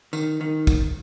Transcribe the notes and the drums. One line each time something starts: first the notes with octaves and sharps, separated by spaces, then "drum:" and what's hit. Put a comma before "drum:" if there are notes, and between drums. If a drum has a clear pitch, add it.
D#3, drum: tambourine
D#3
drum: kick, tambourine